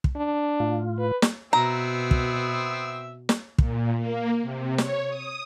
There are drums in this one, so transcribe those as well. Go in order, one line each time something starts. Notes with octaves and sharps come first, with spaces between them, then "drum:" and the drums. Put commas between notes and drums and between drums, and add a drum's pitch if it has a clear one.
drum: kick
D4
A2 F4
B4
drum: snare
B2 B3 C4 E5 A#5
drum: kick
drum: snare
A#2, drum: kick
A#3
C3
C#5, drum: snare
D#6